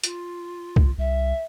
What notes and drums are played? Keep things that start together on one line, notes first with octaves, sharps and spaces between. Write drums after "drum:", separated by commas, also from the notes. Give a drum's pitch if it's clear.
F4, drum: hi-hat
drum: kick C2
C2 E5